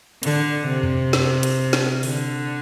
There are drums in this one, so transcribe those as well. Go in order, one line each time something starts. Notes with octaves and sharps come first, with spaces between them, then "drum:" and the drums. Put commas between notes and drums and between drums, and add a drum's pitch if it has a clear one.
D3, drum: hi-hat
C3
drum: tom F2
drum: snare
drum: hi-hat
drum: snare
D3, drum: open hi-hat